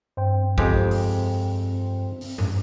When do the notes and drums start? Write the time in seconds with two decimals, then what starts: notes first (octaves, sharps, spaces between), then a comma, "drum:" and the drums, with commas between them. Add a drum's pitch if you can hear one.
0.17 G2 C4 G5
0.58 F2 G#3 C4 G4, drum: kick
0.91 drum: open hi-hat
2.21 drum: open hi-hat
2.38 F#2, drum: tom G2